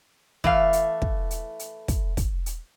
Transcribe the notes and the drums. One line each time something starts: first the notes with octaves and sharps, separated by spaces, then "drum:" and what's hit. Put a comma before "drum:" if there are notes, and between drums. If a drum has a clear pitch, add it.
E3 A3 F5, drum: kick
drum: hi-hat
drum: kick
drum: hi-hat
drum: hi-hat
drum: kick, hi-hat
drum: kick, hi-hat
drum: hi-hat